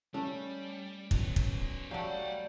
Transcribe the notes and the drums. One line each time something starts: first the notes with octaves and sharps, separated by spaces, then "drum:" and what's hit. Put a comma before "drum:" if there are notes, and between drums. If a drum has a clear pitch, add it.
G3 A3 C#4
B1 B3 C#4, drum: kick
drum: kick
F#3 A3 G4 D5 F5 F#5